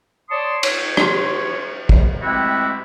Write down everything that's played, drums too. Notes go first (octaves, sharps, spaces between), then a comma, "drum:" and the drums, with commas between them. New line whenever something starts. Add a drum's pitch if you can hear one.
C#5 D5 A5 C6 C#6 D#6
C#5, drum: cymbal
drum: rim click
drum: kick
G#3 A3 C4 E4 F#4 G4